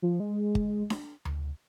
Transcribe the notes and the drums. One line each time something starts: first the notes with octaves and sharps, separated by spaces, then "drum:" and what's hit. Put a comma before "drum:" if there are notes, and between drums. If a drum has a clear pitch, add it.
F3
G#3
drum: kick
drum: snare D4
drum: tom D2